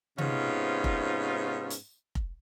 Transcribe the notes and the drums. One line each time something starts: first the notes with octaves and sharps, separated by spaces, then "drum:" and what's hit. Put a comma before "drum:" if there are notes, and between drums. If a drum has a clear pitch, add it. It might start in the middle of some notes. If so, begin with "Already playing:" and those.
G#2 C3 B3 C#4 D#4 F4, drum: tom C3
drum: kick F1
drum: hi-hat
drum: kick F1